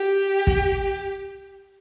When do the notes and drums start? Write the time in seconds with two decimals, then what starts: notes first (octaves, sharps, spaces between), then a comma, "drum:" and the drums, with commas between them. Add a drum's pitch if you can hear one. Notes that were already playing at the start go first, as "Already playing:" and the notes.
Already playing: G4
0.47 drum: kick